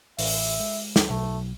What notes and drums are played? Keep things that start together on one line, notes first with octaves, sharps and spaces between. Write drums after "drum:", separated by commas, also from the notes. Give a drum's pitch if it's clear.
A1 E5, drum: open hi-hat
G#3
drum: snare
B1 A3